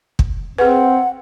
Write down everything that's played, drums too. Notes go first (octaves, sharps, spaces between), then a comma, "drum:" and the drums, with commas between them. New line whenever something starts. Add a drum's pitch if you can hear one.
drum: kick
C4 G#4 B4 F#5